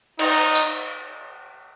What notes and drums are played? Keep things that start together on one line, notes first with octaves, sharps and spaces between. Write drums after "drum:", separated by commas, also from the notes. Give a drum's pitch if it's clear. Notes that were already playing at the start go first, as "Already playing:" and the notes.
D#4, drum: cymbal
drum: tambourine